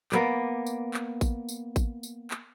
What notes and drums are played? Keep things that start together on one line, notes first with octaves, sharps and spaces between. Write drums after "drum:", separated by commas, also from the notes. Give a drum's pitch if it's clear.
A#3 B3 D5, drum: clap
drum: tambourine
drum: clap
drum: kick A1, tambourine
drum: tambourine
drum: kick A1, tambourine
drum: tambourine
drum: clap